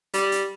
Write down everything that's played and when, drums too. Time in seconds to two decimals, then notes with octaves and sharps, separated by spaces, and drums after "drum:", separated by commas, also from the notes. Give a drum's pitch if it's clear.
0.14 G3, drum: hi-hat
0.32 drum: hi-hat